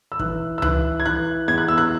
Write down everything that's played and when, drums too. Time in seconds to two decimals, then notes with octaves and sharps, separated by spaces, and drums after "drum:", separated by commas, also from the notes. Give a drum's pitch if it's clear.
0.12 E6
0.19 E3 F#6, drum: kick
0.58 E6
0.62 E3 F#6, drum: tom C#2
1.00 G#6
1.06 E3 F#6
1.48 E2 G#6
1.58 F#6
1.68 E6
1.78 F#6